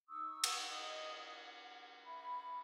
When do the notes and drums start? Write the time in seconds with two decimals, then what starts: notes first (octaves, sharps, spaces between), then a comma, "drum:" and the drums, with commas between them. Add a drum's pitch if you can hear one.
0.09 D#4 C#6 D#6 E6
0.44 drum: cymbal
0.70 D#5 D#6
1.43 F#5
2.05 E5 B5